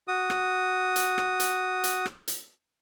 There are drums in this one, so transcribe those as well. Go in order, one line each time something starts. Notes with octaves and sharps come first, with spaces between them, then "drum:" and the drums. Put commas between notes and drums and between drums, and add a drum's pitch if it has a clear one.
F#4 D#6
drum: rim click
drum: hi-hat
drum: rim click
drum: hi-hat
drum: hi-hat
drum: rim click
drum: hi-hat